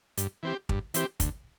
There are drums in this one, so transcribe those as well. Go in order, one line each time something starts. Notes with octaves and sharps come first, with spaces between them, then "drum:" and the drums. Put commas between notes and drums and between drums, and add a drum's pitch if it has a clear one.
G2, drum: hi-hat
E3 C4 G4
G2, drum: kick
E3 C4 G4, drum: hi-hat
D2, drum: kick, hi-hat